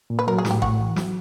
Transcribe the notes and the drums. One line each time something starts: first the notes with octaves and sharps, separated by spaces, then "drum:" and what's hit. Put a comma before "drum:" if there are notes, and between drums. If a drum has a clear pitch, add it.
A#2
B4
F#3 A#4
G#4
A2, drum: snare
G4
A2 F#4, drum: kick A1
E3
F#3, drum: snare